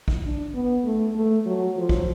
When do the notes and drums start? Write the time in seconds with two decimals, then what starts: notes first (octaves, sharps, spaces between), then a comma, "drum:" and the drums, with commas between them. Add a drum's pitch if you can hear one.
0.08 drum: kick
0.24 D4
0.54 B3
0.85 A3
1.15 A3
1.46 F#3
1.77 F3
1.89 drum: kick